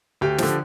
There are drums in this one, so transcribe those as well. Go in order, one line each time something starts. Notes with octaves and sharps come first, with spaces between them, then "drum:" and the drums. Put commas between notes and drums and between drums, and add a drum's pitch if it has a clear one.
D2 G4
D3 F3, drum: snare